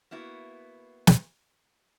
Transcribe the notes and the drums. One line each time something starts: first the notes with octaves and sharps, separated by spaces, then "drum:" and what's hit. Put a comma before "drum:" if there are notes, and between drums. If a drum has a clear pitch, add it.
A#3 B3 E4 F#4
drum: snare